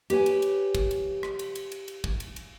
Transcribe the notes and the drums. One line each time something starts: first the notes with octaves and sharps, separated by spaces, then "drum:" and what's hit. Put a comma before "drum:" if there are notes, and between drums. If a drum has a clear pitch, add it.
G4 B4 C#5 G#5, drum: cymbal
drum: cymbal
drum: cymbal
drum: kick, cymbal
drum: cymbal
drum: rim click
drum: cymbal
drum: cymbal
drum: cymbal
drum: cymbal
drum: kick
drum: cymbal
drum: cymbal